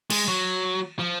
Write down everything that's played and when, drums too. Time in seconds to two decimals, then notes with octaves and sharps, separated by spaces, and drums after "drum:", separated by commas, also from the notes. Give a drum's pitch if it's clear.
0.10 G#3, drum: cymbal
0.28 F#3
0.99 F3